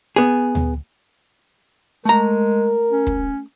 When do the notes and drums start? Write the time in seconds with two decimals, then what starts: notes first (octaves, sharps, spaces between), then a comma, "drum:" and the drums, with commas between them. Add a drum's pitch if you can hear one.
0.16 B3 G#4
0.55 drum: tom D2
2.05 G#3 A3 A#4 A#5
2.91 C#4
3.07 drum: kick